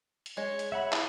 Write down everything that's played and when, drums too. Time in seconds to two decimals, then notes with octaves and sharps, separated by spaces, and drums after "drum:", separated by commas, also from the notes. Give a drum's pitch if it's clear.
0.26 drum: hi-hat
0.37 G#3 C#5
0.59 drum: hi-hat
0.72 C#5 E5 F#5 B5
0.92 E4 F4 G#4 F5, drum: clap